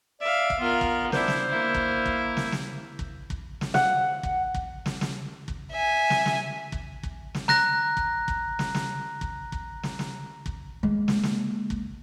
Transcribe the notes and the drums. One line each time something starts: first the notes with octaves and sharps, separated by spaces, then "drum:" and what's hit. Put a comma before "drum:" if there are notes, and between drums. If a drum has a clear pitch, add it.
D5 E5 F5
drum: kick
B3 F4 A#4
drum: kick
D4 E4 C5, drum: snare
drum: snare
A#3 E4
drum: kick
drum: kick
drum: snare
drum: snare
drum: kick
drum: kick
drum: snare
F#5, drum: snare
drum: kick
drum: kick
drum: snare
drum: snare
drum: kick
E5 G#5
drum: snare
drum: snare
drum: kick
drum: kick
drum: snare
A#5 F#6 A#6, drum: snare
drum: kick
drum: kick
drum: snare
drum: snare
drum: kick
drum: kick
drum: snare
drum: snare
drum: kick
G#3 A#3
drum: snare
drum: snare
drum: kick